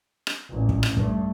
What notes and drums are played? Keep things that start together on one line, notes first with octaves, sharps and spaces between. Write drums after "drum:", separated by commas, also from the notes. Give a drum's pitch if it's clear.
drum: rim click
A1 A#2
drum: kick
drum: rim click
G2 A3, drum: kick